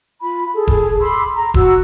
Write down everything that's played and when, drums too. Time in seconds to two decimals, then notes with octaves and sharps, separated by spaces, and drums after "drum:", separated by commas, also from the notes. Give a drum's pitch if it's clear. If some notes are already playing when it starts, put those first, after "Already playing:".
0.21 F4 B5
0.54 G#4 A4
0.67 drum: kick E1
1.00 B5 C6 D6 E6
1.34 A#5
1.54 F#4 E6, drum: kick E1